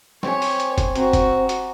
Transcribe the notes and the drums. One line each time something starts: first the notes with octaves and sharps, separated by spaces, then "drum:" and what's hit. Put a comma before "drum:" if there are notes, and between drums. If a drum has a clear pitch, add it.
C4 G4 C#5 G#5, drum: snare
drum: open hi-hat
drum: hi-hat
drum: kick F1, hi-hat
C4 F#4 A#5 C#6, drum: hi-hat
drum: kick F1, hi-hat
drum: hi-hat